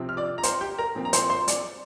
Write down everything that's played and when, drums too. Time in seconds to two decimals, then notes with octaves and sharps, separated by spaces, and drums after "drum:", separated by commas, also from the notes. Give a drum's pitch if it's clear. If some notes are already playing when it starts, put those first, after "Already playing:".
Already playing: C3 F3 C4
0.09 F6
0.17 D5 D6
0.38 A#5
0.43 C5 C6, drum: hi-hat
0.61 G4 G5
0.78 A#4 A#5
0.95 A#2 F3 C4
1.05 A#5
1.13 C5 C6, drum: hi-hat
1.30 C5 C6
1.48 D5 D6, drum: hi-hat